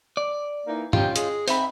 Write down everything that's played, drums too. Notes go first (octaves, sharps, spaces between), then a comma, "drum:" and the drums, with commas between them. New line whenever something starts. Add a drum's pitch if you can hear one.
D5
E3 A#3 D#4
C#4 D#4 F4 G4 G5, drum: tom G2
G#3 G#4, drum: hi-hat
G#2 C4 C5 E5 B5, drum: open hi-hat